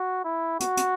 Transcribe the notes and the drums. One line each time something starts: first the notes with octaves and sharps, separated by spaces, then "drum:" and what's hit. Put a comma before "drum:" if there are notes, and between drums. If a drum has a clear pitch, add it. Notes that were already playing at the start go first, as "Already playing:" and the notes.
Already playing: F#4
E4
F#4, drum: hi-hat
drum: hi-hat